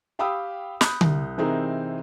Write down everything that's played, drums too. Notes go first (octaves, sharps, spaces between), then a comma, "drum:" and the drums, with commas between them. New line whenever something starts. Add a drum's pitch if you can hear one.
G4 F5 G5 B5 D#6 E6
B5 D#6 F#6 G6, drum: snare
C2, drum: tom D3
C3 E3 C4 D#4 G#4 A#4